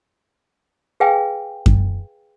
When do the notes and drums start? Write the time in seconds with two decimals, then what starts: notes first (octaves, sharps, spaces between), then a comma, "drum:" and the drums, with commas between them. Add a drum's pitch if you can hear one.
1.00 G#4 B4 F5 G5 G#5
1.66 drum: kick F#2